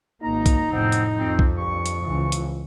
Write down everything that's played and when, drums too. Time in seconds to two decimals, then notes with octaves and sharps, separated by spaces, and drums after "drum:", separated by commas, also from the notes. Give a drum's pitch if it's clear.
0.22 G#1 A#3 D#4 A#5
0.46 drum: kick B1, hi-hat
0.72 F1 A2 F3 B3 C4
0.92 drum: hi-hat
1.17 F2 C4
1.39 drum: kick B1
1.58 G2 C#6
1.86 drum: hi-hat
2.04 C#2 E3 F3
2.32 drum: hi-hat